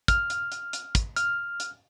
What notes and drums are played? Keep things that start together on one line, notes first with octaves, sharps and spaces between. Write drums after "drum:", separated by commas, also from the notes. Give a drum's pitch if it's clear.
F6, drum: kick, hi-hat
drum: hi-hat
drum: hi-hat
drum: hi-hat
drum: kick, hi-hat
F6, drum: hi-hat
drum: hi-hat